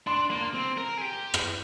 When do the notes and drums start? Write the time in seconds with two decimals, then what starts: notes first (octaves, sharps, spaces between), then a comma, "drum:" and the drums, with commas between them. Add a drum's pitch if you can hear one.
0.07 D4 C6
0.30 A#3 C6
0.54 C4
0.78 A#4
0.98 G#4
1.01 G4
1.34 drum: rim click